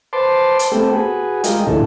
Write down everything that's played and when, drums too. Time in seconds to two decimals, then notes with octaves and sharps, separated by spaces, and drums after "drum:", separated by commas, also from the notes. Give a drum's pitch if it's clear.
0.13 B4 C5 A5 C6 D6
0.59 drum: hi-hat
0.72 A3 B3 C4 G4 A4
0.93 F#4 G#4 B4
1.44 G#3 F4 G4 A#4 D#5, drum: hi-hat
1.67 D2 A2 C#3 E3 A4